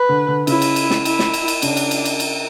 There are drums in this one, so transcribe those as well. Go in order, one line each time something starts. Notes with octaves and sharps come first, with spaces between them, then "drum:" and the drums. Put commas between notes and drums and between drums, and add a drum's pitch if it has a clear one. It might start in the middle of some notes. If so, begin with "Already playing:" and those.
Already playing: B4
D3
D3
C#3 E4, drum: cymbal
drum: cymbal
drum: cymbal
drum: snare
E4, drum: cymbal
drum: snare
drum: cymbal
drum: cymbal
C#3 D4, drum: cymbal
drum: cymbal
drum: cymbal
drum: cymbal
drum: cymbal